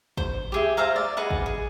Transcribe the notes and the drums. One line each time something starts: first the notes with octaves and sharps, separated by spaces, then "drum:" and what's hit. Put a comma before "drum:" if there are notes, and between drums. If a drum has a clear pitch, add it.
C5, drum: kick
G4 G#4 E5
C5 E5 F5 A#5
D5
G#4 B4 D#5 F#5
drum: kick
G#4